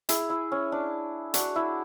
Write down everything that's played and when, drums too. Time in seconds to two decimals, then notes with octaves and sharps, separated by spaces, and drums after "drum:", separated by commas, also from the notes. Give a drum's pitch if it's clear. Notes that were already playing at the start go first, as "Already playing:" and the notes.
0.09 E4 G#4, drum: hi-hat
0.30 E4
0.52 C#4
0.72 D4
1.34 D4 F#4, drum: hi-hat
1.56 E4